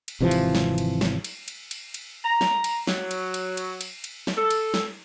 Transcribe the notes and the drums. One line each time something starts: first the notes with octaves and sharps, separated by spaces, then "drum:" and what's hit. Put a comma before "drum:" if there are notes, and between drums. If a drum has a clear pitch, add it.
drum: cymbal
G#1 C3 E3 F3
drum: cymbal
drum: snare
drum: cymbal
drum: snare
drum: cymbal
drum: cymbal
drum: cymbal
drum: cymbal
A#5
drum: snare
drum: cymbal
F#3, drum: snare
drum: cymbal
drum: cymbal
drum: cymbal
drum: cymbal
drum: cymbal
drum: snare
A4
drum: cymbal
drum: snare